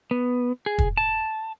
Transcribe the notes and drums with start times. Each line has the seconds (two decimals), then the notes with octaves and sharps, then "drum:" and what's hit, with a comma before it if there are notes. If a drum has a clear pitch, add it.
0.11 B3
0.66 G#4
0.78 drum: kick
0.97 A5